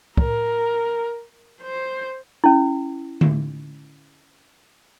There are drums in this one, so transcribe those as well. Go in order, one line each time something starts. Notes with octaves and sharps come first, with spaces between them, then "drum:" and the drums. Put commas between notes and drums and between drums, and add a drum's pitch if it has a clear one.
A#4, drum: kick
C5
C#4 E4
drum: tom D3